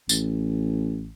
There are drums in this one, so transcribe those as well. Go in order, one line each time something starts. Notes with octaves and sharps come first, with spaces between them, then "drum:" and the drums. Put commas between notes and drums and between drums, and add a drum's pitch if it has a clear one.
A1, drum: tambourine